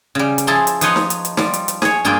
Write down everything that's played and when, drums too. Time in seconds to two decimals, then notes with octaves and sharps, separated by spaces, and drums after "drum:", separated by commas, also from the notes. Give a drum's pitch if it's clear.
0.15 C#3 G3
0.38 drum: hi-hat
0.47 F3 E4 G#4 A5 A#5 C6
0.67 drum: hi-hat
0.81 F3 D#4 B4 C#5 D#5 C6, drum: hi-hat
0.96 drum: snare
1.10 drum: hi-hat
1.25 drum: hi-hat
1.37 F3 G3, drum: snare
1.54 drum: hi-hat
1.68 drum: hi-hat
1.82 G#4 C#5, drum: snare
2.05 G2 A#3 F4 G#4 G5